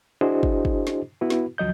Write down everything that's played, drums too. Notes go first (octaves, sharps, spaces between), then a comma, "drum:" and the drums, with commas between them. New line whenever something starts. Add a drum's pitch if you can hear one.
D4 E4 F#4 G#4 C5 D#5
drum: kick
drum: kick
drum: snare
B3 E4 F#4 B4
drum: snare
D2 F3 F#3 D#5 G6